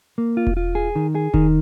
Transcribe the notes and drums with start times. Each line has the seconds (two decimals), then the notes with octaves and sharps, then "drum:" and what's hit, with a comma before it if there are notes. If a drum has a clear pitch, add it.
0.18 A#3
0.37 F4
0.47 drum: kick E1
0.57 F4
0.75 G#4
0.96 D#3
1.15 G#4
1.34 D#3, drum: kick E1